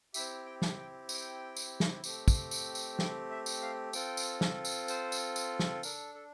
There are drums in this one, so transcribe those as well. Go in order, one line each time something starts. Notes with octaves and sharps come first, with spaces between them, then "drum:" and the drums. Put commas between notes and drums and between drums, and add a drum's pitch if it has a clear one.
C4 E4 G4 E5, drum: tambourine
G5
drum: snare
G5
G5, drum: tambourine
drum: tambourine
drum: snare
A3 C4 G4, drum: tambourine
drum: kick, tambourine
drum: tambourine
drum: tambourine
G5, drum: snare
E5
drum: tambourine
F5
C4 F4 A4 G5, drum: tambourine
drum: tambourine
drum: snare
drum: tambourine
C5, drum: tambourine
drum: tambourine
drum: tambourine
drum: snare
D4 A4 A#4, drum: tambourine
A4